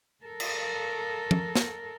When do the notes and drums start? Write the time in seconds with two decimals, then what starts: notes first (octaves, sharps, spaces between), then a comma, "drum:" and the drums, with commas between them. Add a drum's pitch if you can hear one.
0.24 A4 A#4
0.40 drum: cymbal
1.31 drum: tom
1.55 drum: snare